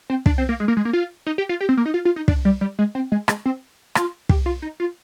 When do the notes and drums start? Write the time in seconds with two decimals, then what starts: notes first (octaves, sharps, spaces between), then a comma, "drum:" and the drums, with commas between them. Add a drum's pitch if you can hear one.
0.10 C4
0.26 D4, drum: kick
0.38 C4
0.49 A#3
0.60 G#3
0.68 A#3
0.77 G#3
0.85 A#3
0.93 F4
1.26 D#4
1.38 G4
1.49 F4
1.61 G4
1.69 C4
1.77 A#3
1.86 D#4
1.94 F4
2.05 F4
2.16 D#4
2.28 D4, drum: kick
2.45 G3
2.61 G3
2.79 G#3
2.95 C4
3.12 G#3
3.28 G#3, drum: rim click
3.46 C4
3.95 F4, drum: rim click
4.29 G4, drum: kick
4.46 F4
4.62 D#4
4.80 F4